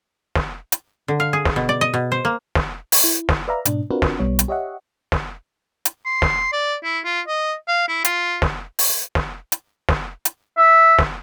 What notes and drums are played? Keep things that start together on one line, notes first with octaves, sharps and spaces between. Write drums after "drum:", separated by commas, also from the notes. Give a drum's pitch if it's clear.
drum: snare
drum: hi-hat
D3
F5
G#4
drum: snare
B2
D5
D#5
B2
C5
A#3
drum: snare
drum: open hi-hat
E4
drum: snare
B4 D5 E5 F5 A#5
G#2 B2 D4, drum: hi-hat
C4 D4 F4 F#4 A#4 B4
drum: snare
B1 G3 B3 C#5
drum: hi-hat
G4 C#5 D#5 E5 F#5
drum: snare
drum: hi-hat
C6
drum: snare
D5
E4
F4
D#5
F5
E4
F4, drum: hi-hat
drum: snare
drum: open hi-hat
drum: snare
drum: hi-hat
drum: snare
drum: hi-hat
E5
drum: snare